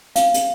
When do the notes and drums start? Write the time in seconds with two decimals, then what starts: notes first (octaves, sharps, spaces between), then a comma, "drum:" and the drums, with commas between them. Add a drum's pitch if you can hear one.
0.16 F5, drum: hi-hat
0.34 drum: hi-hat